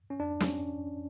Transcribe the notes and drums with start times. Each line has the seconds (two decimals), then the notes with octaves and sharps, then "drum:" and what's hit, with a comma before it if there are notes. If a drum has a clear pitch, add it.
0.10 C#4
0.20 F2 D4
0.40 C#4, drum: snare